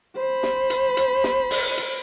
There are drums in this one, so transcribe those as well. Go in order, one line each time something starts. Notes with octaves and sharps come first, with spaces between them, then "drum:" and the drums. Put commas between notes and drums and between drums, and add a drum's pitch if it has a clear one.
C5 B5
drum: snare
drum: hi-hat
drum: hi-hat
drum: snare
drum: open hi-hat
drum: hi-hat